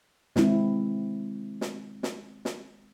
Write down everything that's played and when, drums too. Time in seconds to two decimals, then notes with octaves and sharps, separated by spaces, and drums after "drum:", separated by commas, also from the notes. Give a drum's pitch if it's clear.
0.36 D#3 G#3 C4 E4, drum: snare
1.61 drum: snare
2.03 drum: snare
2.45 drum: snare